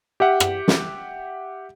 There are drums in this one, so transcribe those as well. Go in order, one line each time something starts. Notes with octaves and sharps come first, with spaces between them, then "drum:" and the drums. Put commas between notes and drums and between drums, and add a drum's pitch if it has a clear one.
G4 E5 F#5
drum: rim click
drum: snare